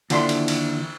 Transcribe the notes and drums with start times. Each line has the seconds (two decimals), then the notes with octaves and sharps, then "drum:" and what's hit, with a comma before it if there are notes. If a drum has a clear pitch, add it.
0.10 D#2 D3 F3 D4 E4 C6, drum: cymbal
0.29 drum: cymbal
0.48 drum: cymbal